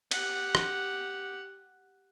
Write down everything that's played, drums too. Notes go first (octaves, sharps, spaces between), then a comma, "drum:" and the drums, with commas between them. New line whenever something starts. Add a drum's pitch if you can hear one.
G4 F#5, drum: cymbal
drum: rim click